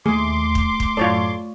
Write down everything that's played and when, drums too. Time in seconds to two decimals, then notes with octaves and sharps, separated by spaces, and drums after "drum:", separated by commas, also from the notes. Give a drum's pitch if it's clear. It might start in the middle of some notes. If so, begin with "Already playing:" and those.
0.06 D#2 A3 G#4 C6 D6
0.55 drum: kick
0.80 drum: kick
0.97 F#2 A2 F4 A4 C#5 D5